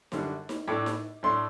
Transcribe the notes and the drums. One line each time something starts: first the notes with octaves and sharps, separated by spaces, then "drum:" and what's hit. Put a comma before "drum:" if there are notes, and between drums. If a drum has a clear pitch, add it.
F#2 D3 G3 D4, drum: snare D#4
drum: snare D#4
A2 A3 D4 D6
drum: snare D#4
A2 A3 D4 C6